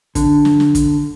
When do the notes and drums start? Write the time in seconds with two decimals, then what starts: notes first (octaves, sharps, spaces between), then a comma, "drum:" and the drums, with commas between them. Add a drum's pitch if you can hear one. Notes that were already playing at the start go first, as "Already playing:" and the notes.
0.15 D3, drum: kick, hi-hat
0.45 drum: snare
0.60 drum: snare
0.75 drum: kick, hi-hat